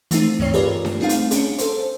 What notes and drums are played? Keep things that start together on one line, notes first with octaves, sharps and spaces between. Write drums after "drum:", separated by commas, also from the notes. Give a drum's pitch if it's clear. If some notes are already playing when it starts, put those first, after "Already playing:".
E3 A3 C4 D#4, drum: hi-hat
D2 G2 E3 C#5 C7
F4 G4 G#4 A#4 B4 D5
drum: snare D4
G3 A3 C4 D#4 G#4 F5
drum: hi-hat
C#4 D4 G#4, drum: hi-hat
A4 C5, drum: hi-hat